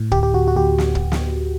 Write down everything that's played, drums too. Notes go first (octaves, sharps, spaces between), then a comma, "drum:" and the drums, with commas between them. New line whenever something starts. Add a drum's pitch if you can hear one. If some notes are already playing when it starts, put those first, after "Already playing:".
Already playing: A2
D2 G4, drum: kick
G4
D2 F#4
F#4
D2 G4
drum: snare
drum: kick
drum: snare